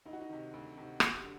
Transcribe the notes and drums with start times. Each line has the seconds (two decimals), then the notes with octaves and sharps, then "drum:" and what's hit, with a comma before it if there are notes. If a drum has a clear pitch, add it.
0.06 D2 D#4
0.13 F#4
0.21 D#4
0.29 C3 D#3
0.53 D2
0.77 C3 D#3
1.00 F#2 F#4, drum: rim click
1.16 G4
1.24 D3